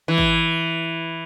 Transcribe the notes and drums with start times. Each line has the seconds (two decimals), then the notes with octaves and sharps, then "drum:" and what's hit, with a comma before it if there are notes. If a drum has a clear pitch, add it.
0.08 E3
0.18 drum: kick